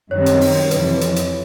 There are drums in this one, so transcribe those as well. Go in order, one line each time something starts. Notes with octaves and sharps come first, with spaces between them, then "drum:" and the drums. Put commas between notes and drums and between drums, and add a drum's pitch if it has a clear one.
F#2 D#3 G3 C4 C#5
drum: hi-hat
drum: open hi-hat
F2 C3 E3 B4, drum: hi-hat
drum: hi-hat
drum: hi-hat